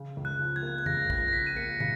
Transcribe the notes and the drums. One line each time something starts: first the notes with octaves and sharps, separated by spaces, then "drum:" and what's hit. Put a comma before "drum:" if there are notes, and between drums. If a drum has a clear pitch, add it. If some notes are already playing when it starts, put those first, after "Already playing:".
Already playing: C#3
C#2
F#6
F3
G#6
A#3
G#6
C#3 A#6, drum: tom F2
C#2 A#6, drum: kick
A#6
F3 B6
D#7
A#3 C#7
C#3 C#7, drum: tom